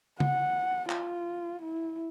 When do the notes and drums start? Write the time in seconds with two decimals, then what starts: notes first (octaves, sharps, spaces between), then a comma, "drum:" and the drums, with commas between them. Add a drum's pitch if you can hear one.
0.20 F#5, drum: tom C#3
0.90 F4, drum: clap
1.62 E4